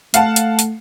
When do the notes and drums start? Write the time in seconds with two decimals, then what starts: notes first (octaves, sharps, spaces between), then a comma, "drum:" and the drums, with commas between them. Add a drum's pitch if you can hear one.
0.14 A3 F5 F#5 A5, drum: hi-hat
0.36 drum: hi-hat
0.59 drum: hi-hat